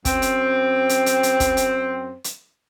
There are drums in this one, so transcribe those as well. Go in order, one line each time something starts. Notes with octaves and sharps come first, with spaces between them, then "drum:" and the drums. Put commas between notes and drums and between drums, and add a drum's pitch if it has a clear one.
F#2 C4, drum: kick, hi-hat
drum: hi-hat
drum: hi-hat
drum: hi-hat
drum: hi-hat
drum: kick, hi-hat
drum: hi-hat
drum: hi-hat